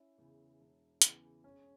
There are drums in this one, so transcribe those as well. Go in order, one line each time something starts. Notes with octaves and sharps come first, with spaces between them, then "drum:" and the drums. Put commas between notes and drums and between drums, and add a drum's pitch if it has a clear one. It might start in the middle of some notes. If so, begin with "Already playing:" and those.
Already playing: C#4 E4
E2 C#3 E3
E1
E2 C#3 E3, drum: hi-hat
E1 C#4